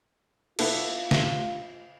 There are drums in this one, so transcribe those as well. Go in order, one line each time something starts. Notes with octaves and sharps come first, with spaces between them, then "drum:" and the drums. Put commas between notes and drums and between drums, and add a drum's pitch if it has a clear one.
B3 E4 F4 A4, drum: cymbal
drum: snare